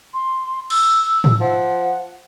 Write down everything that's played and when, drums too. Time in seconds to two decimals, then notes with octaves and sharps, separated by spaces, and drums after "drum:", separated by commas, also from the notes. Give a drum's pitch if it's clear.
0.14 C6
0.70 E6, drum: cymbal
1.24 drum: tom
1.41 F3 F#5